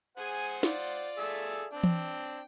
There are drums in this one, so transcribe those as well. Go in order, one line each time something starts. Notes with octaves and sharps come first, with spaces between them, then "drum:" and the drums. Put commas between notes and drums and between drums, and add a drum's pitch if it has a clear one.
G#4 C5 F#5 G#5
F4 D5, drum: snare
G#4 A4 E5
C4 D4 G5
drum: tom E3